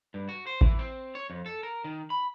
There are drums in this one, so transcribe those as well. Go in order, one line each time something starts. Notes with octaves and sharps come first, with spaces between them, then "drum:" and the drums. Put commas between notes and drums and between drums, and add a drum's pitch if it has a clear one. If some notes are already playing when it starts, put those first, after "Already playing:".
G2
F#4
C5
E3, drum: kick A1
C4
C#5
F2
A4
A#4
D#3
B5